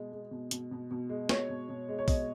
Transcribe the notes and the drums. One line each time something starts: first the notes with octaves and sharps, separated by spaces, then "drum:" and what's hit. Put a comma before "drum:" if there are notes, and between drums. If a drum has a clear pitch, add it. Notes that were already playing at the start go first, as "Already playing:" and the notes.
Already playing: B2 G#3
G#3
B2
B2, drum: hi-hat
B2
B2
G#3
B2 C#5, drum: snare
B2
B2
G#3
C#5
B2 D#5, drum: kick, open hi-hat